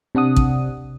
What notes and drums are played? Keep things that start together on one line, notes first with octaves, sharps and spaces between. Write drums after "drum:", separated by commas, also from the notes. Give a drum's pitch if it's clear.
C3 D4 F#5 D#6
drum: kick